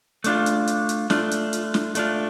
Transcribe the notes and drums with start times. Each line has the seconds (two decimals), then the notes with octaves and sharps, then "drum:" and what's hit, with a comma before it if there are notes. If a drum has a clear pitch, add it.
0.24 A3 D4 F4, drum: hi-hat
0.46 drum: hi-hat
0.67 drum: hi-hat
0.89 drum: hi-hat
1.10 A3 D4 F4, drum: snare
1.31 drum: hi-hat
1.53 drum: hi-hat
1.74 drum: snare
1.95 A3 D4 F4, drum: hi-hat